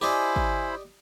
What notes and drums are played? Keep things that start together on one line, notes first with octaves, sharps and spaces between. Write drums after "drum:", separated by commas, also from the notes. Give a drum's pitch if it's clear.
E4 G4 C5 D5 D#5 G#5 B5
drum: kick